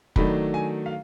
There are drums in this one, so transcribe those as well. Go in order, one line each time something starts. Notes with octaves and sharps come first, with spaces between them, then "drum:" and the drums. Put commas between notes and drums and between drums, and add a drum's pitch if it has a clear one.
D#3 F#3 A3 D4 B5, drum: kick F1
G#5
F5